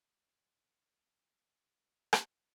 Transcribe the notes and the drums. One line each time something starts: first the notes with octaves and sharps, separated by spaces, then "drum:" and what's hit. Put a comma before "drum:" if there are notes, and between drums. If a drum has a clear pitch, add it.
E2 B2 A4 B4 B5
drum: rim click